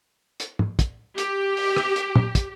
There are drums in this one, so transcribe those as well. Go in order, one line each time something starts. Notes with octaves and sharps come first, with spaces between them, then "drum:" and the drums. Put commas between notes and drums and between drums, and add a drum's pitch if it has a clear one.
drum: hi-hat
drum: tom
drum: kick, hi-hat
G4, drum: hi-hat
drum: open hi-hat
drum: rim click
drum: hi-hat
drum: tom
drum: kick, hi-hat